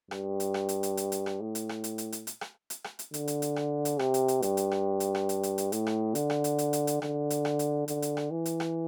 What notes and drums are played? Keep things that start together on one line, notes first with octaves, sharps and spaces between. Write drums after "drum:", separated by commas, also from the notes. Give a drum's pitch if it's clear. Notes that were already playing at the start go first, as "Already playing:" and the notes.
G2, drum: rim click
drum: hi-hat
drum: rim click
drum: hi-hat
drum: hi-hat
drum: hi-hat
drum: hi-hat
drum: rim click
A2
drum: hi-hat
drum: rim click
drum: hi-hat
drum: hi-hat
drum: hi-hat
drum: hi-hat
drum: rim click
drum: hi-hat
drum: rim click
drum: hi-hat
D3, drum: hi-hat
drum: hi-hat
drum: hi-hat
drum: rim click
drum: hi-hat
C3, drum: rim click
drum: hi-hat
drum: hi-hat
G2, drum: hi-hat
drum: hi-hat
drum: rim click
drum: hi-hat
drum: rim click
drum: hi-hat
drum: hi-hat
drum: hi-hat
A2, drum: hi-hat
drum: rim click
D3, drum: hi-hat
drum: rim click
drum: hi-hat
drum: hi-hat
drum: hi-hat
drum: hi-hat
D3, drum: rim click
drum: hi-hat
drum: rim click
drum: hi-hat
D3, drum: hi-hat
drum: hi-hat
drum: rim click
E3
drum: hi-hat
drum: rim click